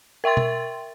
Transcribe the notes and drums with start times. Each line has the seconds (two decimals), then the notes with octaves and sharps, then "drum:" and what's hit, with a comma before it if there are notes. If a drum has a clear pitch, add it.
0.24 A#4 E5 G5 C6 A6
0.37 drum: tom B2